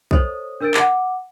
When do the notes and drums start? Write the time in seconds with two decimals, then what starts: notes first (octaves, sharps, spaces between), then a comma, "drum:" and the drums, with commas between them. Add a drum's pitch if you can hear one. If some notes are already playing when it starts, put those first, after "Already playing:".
0.11 A4 C5 C#5 D#5 D#6, drum: kick A#1
0.61 D4 A#4 E6 G6 A6 D7
0.74 F#5 D6, drum: clap